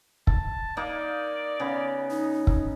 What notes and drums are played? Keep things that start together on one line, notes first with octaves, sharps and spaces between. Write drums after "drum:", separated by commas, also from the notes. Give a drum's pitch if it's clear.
A5, drum: kick
A#3 D#4 D5
C#3 B3
D#4
drum: kick